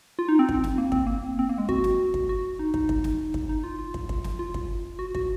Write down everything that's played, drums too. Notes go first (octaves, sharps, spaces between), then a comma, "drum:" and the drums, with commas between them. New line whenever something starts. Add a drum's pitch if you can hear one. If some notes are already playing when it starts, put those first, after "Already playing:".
F4
D#4
C4
drum: kick
drum: snare
A#3
C4, drum: kick
A#3
C4
A#3
G#3
F#4, drum: kick
drum: snare
drum: kick
F#4
D#4
D#4, drum: kick
drum: kick
drum: snare
drum: kick
D#4
F4
F4
drum: kick
drum: kick
drum: snare
F4
drum: kick
F#4
F#4, drum: kick